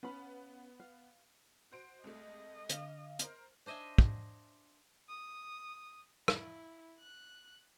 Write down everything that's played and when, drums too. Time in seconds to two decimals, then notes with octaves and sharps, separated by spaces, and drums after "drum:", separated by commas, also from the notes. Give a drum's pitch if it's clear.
0.03 B3 C#4 F5 B5
0.80 F5
1.72 F#4 C5 D7
2.04 C2 G#3 A3 D#5
2.69 D3 F5, drum: hi-hat
3.19 A#4 C5 F6, drum: hi-hat
3.66 D4 C5 D#5 E5 G#5
3.98 drum: kick
5.09 D#6
6.28 E4, drum: rim click
7.00 F#6